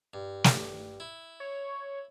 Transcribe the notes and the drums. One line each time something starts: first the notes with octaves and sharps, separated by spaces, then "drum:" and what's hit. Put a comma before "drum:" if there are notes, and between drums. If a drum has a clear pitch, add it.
G2
drum: snare
E4
C#5